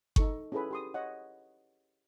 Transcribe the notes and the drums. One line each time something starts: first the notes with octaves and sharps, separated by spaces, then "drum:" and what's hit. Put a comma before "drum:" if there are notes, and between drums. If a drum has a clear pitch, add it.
D#4 A4 C#6, drum: kick G1
C#4 E4 G#4 A4 B4 B5
G4 C6 D#6
C#5 D#5 F#5